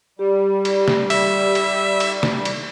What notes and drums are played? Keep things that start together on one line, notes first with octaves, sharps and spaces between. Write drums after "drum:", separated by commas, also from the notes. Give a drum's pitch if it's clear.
G3 G4
drum: cymbal
drum: snare
E5, drum: cymbal
drum: cymbal
drum: cymbal
drum: snare
drum: cymbal